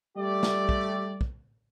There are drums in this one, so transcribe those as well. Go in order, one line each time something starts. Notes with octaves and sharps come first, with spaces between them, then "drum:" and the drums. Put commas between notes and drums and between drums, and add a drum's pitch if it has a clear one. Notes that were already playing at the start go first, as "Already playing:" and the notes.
G3 A3 G4 D5
drum: snare
drum: kick
drum: kick